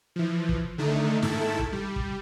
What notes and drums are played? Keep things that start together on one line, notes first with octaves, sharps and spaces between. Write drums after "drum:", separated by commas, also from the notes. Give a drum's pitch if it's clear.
E3 F3
drum: kick
D3 D#3 A3 D#4
G#2 D#3 E4 A4 A5, drum: snare
drum: kick
G3
drum: kick